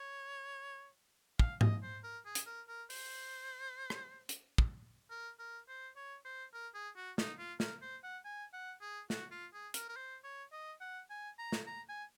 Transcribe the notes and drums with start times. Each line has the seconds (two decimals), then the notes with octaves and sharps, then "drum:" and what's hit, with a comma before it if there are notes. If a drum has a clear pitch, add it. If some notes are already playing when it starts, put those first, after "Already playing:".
Already playing: C#5
1.39 F5, drum: kick
1.61 D#5, drum: tom G#2
1.82 C5
2.04 A#4
2.25 G#4
2.35 drum: hi-hat
2.46 A#4
2.68 A#4
2.90 C5, drum: open hi-hat
3.90 drum: rim click
4.29 drum: hi-hat
4.58 drum: kick
5.10 A#4
5.39 A#4
5.68 C5
5.96 C#5
6.25 C5
6.53 A#4
6.74 G#4
6.96 F#4
7.18 D#4, drum: snare
7.38 F4
7.60 A#4, drum: snare
7.81 C5
8.03 F#5
8.25 G#5
8.53 F#5
8.81 G#4
9.10 F#4, drum: snare
9.31 F4
9.54 G#4
9.74 A#4, drum: hi-hat
9.89 A#4
9.96 C5
10.24 C#5
10.52 D#5
10.81 F#5
11.10 G#5
11.38 A#5
11.52 drum: snare
11.67 A#5
11.89 G#5